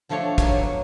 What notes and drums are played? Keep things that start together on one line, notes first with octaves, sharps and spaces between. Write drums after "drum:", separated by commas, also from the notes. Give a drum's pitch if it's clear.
D3 F3 A3 D4 C#5
F#3 A#3 B3 C#5, drum: kick, hi-hat